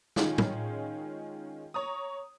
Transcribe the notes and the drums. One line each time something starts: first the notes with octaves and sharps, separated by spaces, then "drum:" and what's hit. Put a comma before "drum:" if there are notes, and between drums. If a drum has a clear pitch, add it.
D#3 G#3 C#4 F4, drum: snare
drum: tom
C#5 A#5 D#6